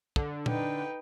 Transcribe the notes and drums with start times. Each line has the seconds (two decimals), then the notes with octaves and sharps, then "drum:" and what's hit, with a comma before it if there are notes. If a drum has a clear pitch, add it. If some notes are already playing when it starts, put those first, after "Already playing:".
0.16 D3, drum: kick
0.46 D#4 B4 G5, drum: tom